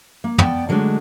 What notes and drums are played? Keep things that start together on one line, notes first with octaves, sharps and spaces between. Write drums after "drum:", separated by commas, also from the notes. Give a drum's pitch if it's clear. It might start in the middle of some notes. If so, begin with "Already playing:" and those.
A#3
B3 D5 G5 A5, drum: tom
D3 F#3 G#3 A3 D4